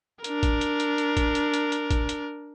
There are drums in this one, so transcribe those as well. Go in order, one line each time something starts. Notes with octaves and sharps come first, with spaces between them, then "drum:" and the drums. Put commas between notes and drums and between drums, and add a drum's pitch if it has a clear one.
D4 A#4, drum: hi-hat
drum: kick A1, hi-hat
drum: hi-hat
drum: hi-hat
drum: hi-hat
drum: kick A1, hi-hat
drum: hi-hat
drum: hi-hat
drum: hi-hat
drum: kick A1, hi-hat
drum: hi-hat